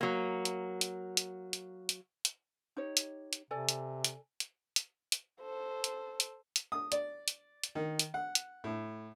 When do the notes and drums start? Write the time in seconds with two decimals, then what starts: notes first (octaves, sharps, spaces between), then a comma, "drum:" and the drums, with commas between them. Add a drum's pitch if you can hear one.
0.01 F#3 A#3
0.45 drum: hi-hat
0.81 drum: hi-hat
1.17 drum: hi-hat
1.53 drum: hi-hat
1.89 drum: hi-hat
2.25 drum: hi-hat
2.77 D#4 G4 C#5
2.97 drum: hi-hat
3.33 drum: hi-hat
3.51 C3 A4 D5 G#5
3.69 drum: hi-hat
4.04 drum: hi-hat
4.40 drum: hi-hat
4.76 drum: hi-hat
5.12 drum: hi-hat
5.41 A4 C5
5.84 drum: hi-hat
6.20 drum: hi-hat
6.56 drum: hi-hat
6.72 D#6
6.92 D5, drum: hi-hat
7.28 drum: hi-hat
7.64 drum: hi-hat
7.75 D#3
7.99 drum: hi-hat
8.14 F#5
8.35 drum: hi-hat
8.64 A2